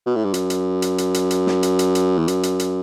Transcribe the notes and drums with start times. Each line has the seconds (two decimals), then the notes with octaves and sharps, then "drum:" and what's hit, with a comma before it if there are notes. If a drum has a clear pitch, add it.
0.06 B2
0.16 A2
0.24 G2
0.34 F#2, drum: hi-hat
0.50 drum: hi-hat
0.82 drum: hi-hat
0.98 drum: hi-hat
1.14 drum: hi-hat
1.31 drum: hi-hat
1.47 drum: snare
1.63 drum: hi-hat
1.79 drum: hi-hat
1.95 drum: hi-hat
2.18 E2
2.28 F#2, drum: hi-hat
2.43 drum: hi-hat
2.59 drum: hi-hat